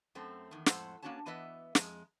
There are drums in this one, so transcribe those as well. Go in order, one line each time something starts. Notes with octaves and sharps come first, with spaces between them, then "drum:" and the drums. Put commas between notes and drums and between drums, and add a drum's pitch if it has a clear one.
F#2 A3 C4
E2 D#3
F2 A2 G#3 A4 C5 F#5, drum: snare
A#3 C#4 D4 F#4 C#5 A5
E3 B3 B4 D#5 E5
F2 G#3, drum: snare